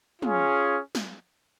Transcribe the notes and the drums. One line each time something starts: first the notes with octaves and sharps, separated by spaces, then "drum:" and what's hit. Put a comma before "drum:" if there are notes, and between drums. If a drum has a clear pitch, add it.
C#4 F4 G#4, drum: tom
drum: snare